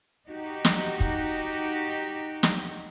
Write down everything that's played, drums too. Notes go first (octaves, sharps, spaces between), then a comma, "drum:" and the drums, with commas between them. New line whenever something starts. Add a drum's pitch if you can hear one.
D#4 F#4 G4
drum: snare
drum: kick
drum: snare